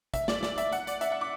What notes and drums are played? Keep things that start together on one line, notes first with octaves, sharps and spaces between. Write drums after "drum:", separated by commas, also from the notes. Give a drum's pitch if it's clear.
E5, drum: kick, hi-hat
D5, drum: snare
D5, drum: snare
E5, drum: hi-hat
F#5, drum: hi-hat
D5, drum: hi-hat
E5, drum: hi-hat
F#5
D6